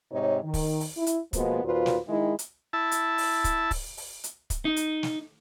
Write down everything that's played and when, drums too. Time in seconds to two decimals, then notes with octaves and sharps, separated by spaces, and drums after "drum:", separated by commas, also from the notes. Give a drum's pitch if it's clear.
0.12 G#2 C3 D#4 C#5
0.43 D#3
0.54 drum: kick, open hi-hat
0.80 drum: open hi-hat
0.96 E4
1.07 drum: hi-hat
1.33 B2 F3 G#3 A#3 B3, drum: kick, hi-hat
1.62 D#2 A#2 F4 F#4 B4 C5
1.86 drum: snare
2.07 D#3 G#3 E4
2.39 drum: hi-hat
2.73 E4 A5
2.91 drum: hi-hat
3.18 drum: open hi-hat
3.44 drum: kick, hi-hat
3.71 drum: kick, open hi-hat
3.97 drum: open hi-hat
4.24 drum: hi-hat
4.50 drum: kick, hi-hat
4.65 D#4
4.76 drum: hi-hat
5.03 drum: snare